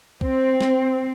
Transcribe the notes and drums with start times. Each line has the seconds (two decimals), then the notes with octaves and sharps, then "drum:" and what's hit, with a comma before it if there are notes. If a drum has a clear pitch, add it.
0.21 C4, drum: kick
0.61 drum: snare